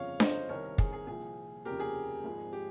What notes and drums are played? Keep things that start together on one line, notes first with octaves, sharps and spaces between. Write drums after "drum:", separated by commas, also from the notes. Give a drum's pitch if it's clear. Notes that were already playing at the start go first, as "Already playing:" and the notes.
Already playing: G1 F2 C#3 F3 C#5 F5
C5 D#5, drum: snare D4
C2 C3 D#3 A#4 C#5
G#4, drum: kick
G#4
C2 A#2 F3 G#4
F1 D#2 C#3 F3 G4 A#4
G#4
G#1 G#2 F3
G4